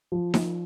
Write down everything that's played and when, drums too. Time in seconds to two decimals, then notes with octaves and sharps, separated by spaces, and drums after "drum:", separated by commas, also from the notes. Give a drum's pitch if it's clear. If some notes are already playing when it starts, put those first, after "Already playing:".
0.12 F3
0.34 F3, drum: snare D#4